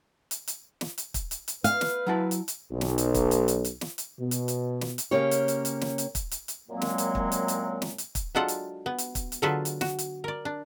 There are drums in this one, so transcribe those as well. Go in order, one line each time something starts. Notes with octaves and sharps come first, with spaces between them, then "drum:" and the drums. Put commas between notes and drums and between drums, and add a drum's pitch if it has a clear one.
drum: hi-hat
drum: hi-hat
drum: snare
drum: hi-hat
drum: kick, hi-hat
drum: hi-hat
drum: hi-hat
B4 F5, drum: hi-hat
drum: snare
F#3 E4 A5
drum: hi-hat
drum: hi-hat
B1
drum: snare
drum: hi-hat
drum: kick, hi-hat
drum: hi-hat
drum: hi-hat
drum: hi-hat
drum: snare
drum: hi-hat
B2
drum: hi-hat
drum: hi-hat
drum: snare
drum: hi-hat
C#3 A#3 C#4 G4 C#5
drum: hi-hat
drum: hi-hat
drum: hi-hat
drum: snare
drum: hi-hat
drum: kick, hi-hat
drum: hi-hat
drum: hi-hat
F#2 A#2 F#3 G#3 A#3 C4
drum: snare
drum: hi-hat
drum: kick
drum: hi-hat
drum: hi-hat
drum: snare
drum: hi-hat
drum: kick, hi-hat
F#3 G#3 D4 F4 A4 F#5
drum: hi-hat
B3
drum: hi-hat
drum: kick, hi-hat
drum: hi-hat
D3 F#3 F4 G#4 A4 B4
drum: hi-hat
F#4, drum: snare
drum: hi-hat
A#4 D5
D4